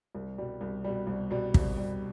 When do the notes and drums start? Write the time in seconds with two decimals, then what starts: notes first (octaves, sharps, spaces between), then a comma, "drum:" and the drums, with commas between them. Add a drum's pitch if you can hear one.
0.15 C2
0.38 B2 G3
0.61 C2
0.84 B2 G3
1.07 C2
1.31 B2 G3
1.54 C2, drum: kick
1.77 B2 G3